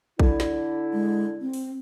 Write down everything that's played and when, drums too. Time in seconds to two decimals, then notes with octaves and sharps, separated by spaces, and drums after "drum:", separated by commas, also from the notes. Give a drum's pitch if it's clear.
0.19 D3 E4, drum: kick
0.40 drum: snare
0.93 G#3
1.41 C4
1.53 drum: open hi-hat